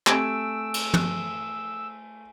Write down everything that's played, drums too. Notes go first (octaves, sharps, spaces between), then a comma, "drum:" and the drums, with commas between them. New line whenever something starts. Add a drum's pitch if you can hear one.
A3 C4 G4 G#5 E6 D7, drum: clap
drum: cymbal
drum: tom